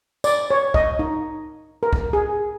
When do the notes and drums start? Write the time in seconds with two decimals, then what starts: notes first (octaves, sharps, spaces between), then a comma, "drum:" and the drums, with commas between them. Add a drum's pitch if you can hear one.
0.24 D5, drum: tambourine
0.51 C#5
0.74 D#5, drum: kick
0.99 D#4
1.83 A#4
1.93 drum: kick
2.13 G#4